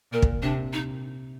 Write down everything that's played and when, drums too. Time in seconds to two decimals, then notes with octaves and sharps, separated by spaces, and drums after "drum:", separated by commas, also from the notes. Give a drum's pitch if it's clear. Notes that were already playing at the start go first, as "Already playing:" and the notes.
0.12 A#2 A#4
0.22 drum: kick
0.42 C3 D4
0.73 D#4